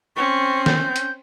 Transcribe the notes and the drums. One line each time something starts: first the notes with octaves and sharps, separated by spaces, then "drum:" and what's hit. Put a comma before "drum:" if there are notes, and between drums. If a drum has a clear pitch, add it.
C4 C#4 C#6
G6, drum: snare
drum: hi-hat